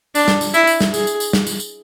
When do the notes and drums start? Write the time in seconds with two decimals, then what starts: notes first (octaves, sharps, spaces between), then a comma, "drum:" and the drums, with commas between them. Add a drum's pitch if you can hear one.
0.15 D4, drum: tambourine
0.28 drum: snare
0.41 drum: tambourine
0.54 E4, drum: tambourine
0.67 drum: tambourine
0.81 drum: snare
0.94 G#4, drum: tambourine
1.07 drum: tambourine
1.20 drum: tambourine
1.33 drum: snare
1.47 drum: tambourine
1.60 drum: tambourine